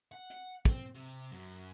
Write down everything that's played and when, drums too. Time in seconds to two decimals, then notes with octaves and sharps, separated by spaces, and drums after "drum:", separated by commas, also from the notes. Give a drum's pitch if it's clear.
0.12 F#5
0.30 drum: hi-hat
0.65 C4, drum: kick, hi-hat
0.95 C3
1.32 F#2